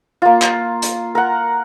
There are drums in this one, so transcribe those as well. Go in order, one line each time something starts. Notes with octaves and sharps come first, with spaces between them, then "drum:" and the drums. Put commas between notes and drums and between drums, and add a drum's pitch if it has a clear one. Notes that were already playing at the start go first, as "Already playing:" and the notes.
A#3 F4
drum: clap
drum: hi-hat
A#4 F#5